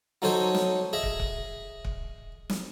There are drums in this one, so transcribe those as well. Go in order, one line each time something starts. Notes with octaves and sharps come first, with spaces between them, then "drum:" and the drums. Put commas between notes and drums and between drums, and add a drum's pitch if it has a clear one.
F#3 D#4 A4 C5 C#5 D#6
drum: snare
G#4 D#5 E5
drum: kick
drum: kick
drum: kick
drum: snare